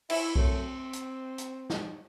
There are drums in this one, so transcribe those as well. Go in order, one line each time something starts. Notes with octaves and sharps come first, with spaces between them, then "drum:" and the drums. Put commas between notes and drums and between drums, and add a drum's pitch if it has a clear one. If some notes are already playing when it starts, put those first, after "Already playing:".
E4, drum: cymbal
F#2 F#3 A3 C4, drum: kick B1
drum: hi-hat
drum: hi-hat
drum: snare